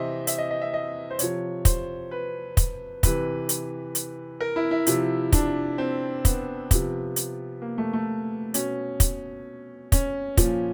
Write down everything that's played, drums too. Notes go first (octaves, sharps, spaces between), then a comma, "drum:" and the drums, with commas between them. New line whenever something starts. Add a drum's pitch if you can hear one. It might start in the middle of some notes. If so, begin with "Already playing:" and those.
Already playing: C3 E3 C5 D#5 E5
E5, drum: hi-hat
D#5
D#5
E5
D#5
C5
C3 F3 C#5, drum: hi-hat
C5, drum: kick, hi-hat
B4
drum: kick, hi-hat
C3 E3 B4, drum: kick, hi-hat
drum: hi-hat
drum: hi-hat
A#4
E4
E4
C3 F3, drum: hi-hat
D4, drum: kick, hi-hat
C4
B3, drum: kick, hi-hat
C3 F3, drum: kick, hi-hat
drum: hi-hat
A#3
A3
A3
B2 C#4, drum: hi-hat
drum: kick, hi-hat
C#4, drum: kick, hi-hat
A#2 F3, drum: kick, hi-hat